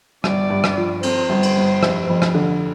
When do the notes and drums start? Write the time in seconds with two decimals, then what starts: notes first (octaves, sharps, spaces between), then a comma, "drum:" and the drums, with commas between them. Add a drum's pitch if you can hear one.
0.24 G1 D5, drum: rim click
0.50 G2
0.64 drum: rim click
0.78 F3
1.03 C4 C5, drum: cymbal
1.30 G1
1.43 drum: cymbal
1.56 G2
1.83 F1, drum: rim click
2.09 F2
2.22 drum: rim click
2.35 D3